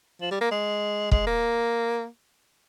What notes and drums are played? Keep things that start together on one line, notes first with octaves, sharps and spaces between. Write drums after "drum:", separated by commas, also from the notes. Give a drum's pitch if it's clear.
F3
G3
A#3
G#3
G#3, drum: kick
A#3